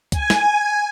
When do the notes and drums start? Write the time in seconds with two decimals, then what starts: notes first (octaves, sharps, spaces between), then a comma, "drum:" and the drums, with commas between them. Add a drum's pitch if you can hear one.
0.12 G#5, drum: kick, hi-hat
0.30 drum: snare